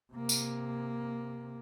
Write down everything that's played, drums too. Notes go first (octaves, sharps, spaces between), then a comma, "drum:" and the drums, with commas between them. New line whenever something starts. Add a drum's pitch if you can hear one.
C3 A#3
drum: tambourine